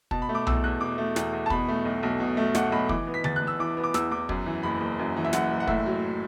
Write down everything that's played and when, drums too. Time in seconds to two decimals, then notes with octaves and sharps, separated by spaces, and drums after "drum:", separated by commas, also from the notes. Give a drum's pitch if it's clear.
0.11 B2 A5, drum: kick
0.22 B5
0.29 A3
0.35 D6
0.47 E2 E6, drum: tom B1
0.64 E2 F#6
0.81 B2 D6
0.98 A3
1.16 E2, drum: snare
1.33 E2
1.46 A5
1.50 B2 B5, drum: kick
1.69 A3
1.85 B1
2.03 B1
2.20 B2
2.37 A3
2.55 B1 F#5, drum: snare
2.72 B1 B5
2.89 E3 D6, drum: kick
3.07 B3
3.14 B6
3.24 E2 A6, drum: tom D3
3.36 F#6
3.42 E2
3.47 E6
3.59 E3 D6
3.77 B3
3.84 D6
3.94 E2 E6, drum: snare
4.11 E2 D6
4.29 F#2, drum: kick
4.46 E3
4.63 F#1 B5
4.81 F#1
4.99 F#2
5.16 E3
5.25 E5
5.33 F#1 F#5, drum: snare
5.51 F#1
5.60 F#5
5.68 A2 E5, drum: kick
5.86 F#3